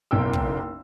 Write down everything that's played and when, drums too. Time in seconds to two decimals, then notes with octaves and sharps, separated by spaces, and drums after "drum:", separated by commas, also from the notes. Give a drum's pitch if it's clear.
0.11 F#1 B1 A#4 G5 E6
0.33 drum: kick